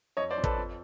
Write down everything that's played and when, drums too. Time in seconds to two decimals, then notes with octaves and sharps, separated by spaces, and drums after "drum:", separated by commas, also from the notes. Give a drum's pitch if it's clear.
0.17 F2 C#5 D#5
0.31 C5 D5
0.38 F2
0.44 A4 B4, drum: kick
0.58 F2